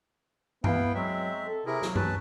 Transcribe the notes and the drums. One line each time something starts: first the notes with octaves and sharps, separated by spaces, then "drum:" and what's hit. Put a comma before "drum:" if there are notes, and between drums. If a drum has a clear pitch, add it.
B3 E4 F5 G5, drum: tom G2
F#3 G#3 C4 E5
A4
C3 E4 G#4 A#4
F#3, drum: snare
C#4 B4 A5, drum: tom G2